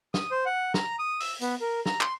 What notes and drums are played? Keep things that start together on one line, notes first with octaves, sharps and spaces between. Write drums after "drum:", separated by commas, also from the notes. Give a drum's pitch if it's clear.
D#6, drum: snare
C5
F#5
A#5, drum: snare
D#6
E6, drum: open hi-hat
B3, drum: tambourine
A#4
A#5, drum: snare
C6, drum: clap